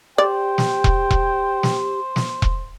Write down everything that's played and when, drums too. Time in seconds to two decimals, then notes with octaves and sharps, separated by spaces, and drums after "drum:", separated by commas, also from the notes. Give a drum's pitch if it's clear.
0.18 G4 C5 D5 G5
0.58 drum: snare
0.84 drum: kick E1
1.11 drum: kick E1
1.63 drum: snare
2.16 drum: snare
2.42 drum: kick E1